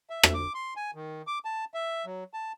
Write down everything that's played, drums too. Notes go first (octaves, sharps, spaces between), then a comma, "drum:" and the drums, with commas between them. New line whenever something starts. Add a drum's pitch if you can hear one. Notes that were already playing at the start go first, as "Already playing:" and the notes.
E5
drum: rim click
D6
C6
G#5
D#3
D6
A5
E5
F#3
A5